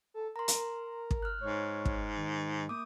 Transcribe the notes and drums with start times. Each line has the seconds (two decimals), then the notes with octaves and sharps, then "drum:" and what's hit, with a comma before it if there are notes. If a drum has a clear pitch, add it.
0.14 A4
0.36 A#4 A#5 C6
0.48 drum: hi-hat
1.11 drum: kick
1.23 F6 F#6
1.41 G#2 C#5
1.85 drum: kick
2.16 D#3
2.69 A#3 D6 D#6